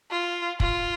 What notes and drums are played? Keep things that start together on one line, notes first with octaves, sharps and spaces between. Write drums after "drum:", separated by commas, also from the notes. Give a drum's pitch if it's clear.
F4
F4, drum: kick